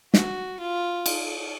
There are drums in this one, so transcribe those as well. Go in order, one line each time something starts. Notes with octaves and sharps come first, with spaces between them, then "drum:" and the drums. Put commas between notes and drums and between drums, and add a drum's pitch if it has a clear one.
F#4, drum: snare
F4
drum: cymbal